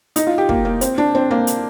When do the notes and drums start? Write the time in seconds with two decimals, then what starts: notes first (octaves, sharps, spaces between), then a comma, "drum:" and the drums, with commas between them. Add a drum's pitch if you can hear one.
0.16 D#4, drum: hi-hat
0.27 F4
0.38 G4
0.49 A#3, drum: kick
0.65 A#3
0.81 C4, drum: hi-hat
0.98 D4
1.15 C4
1.31 A#3
1.47 drum: hi-hat